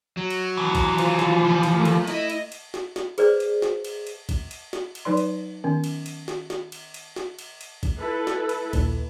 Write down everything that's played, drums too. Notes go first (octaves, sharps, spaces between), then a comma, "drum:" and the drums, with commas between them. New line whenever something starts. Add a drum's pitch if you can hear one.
F#3
drum: cymbal
D#2 E3
drum: kick A#1, cymbal
F4 C5, drum: cymbal
drum: snare
F3
drum: cymbal
A3 A#3
drum: cymbal
E4 D#5, drum: cymbal
drum: cymbal
drum: cymbal
drum: snare
drum: snare
G#4 B4 C5 D5, drum: cymbal
drum: cymbal
drum: snare
drum: cymbal
drum: cymbal
drum: kick A#1, cymbal
drum: cymbal
drum: snare
drum: cymbal
F#3 D#4 B4 D5 C6
drum: cymbal
D#3 B3 C#4
drum: cymbal
drum: cymbal
drum: snare
drum: snare
drum: cymbal
drum: cymbal
drum: snare
drum: cymbal
drum: cymbal
drum: kick A#1, cymbal
E4 A4 B4
drum: snare
drum: cymbal
A#1 D#2 A#2, drum: cymbal